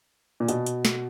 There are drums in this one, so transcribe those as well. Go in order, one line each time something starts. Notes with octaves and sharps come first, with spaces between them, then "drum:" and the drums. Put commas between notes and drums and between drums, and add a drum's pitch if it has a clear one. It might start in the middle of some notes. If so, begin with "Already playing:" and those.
A#2
B2, drum: hi-hat
drum: hi-hat
drum: snare